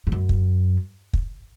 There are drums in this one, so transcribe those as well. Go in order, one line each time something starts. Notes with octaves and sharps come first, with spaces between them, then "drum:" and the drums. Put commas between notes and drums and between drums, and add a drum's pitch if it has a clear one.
G#2
F#2
drum: kick
drum: kick